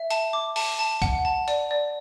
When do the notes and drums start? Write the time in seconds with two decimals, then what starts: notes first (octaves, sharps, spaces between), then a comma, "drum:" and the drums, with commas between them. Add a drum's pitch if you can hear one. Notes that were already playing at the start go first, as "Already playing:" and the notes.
Already playing: E5
0.10 A5, drum: hi-hat
0.33 D6
0.56 A5, drum: open hi-hat
0.79 A5
1.02 F#5, drum: kick, hi-hat
1.25 A5
1.48 D5, drum: hi-hat
1.71 D5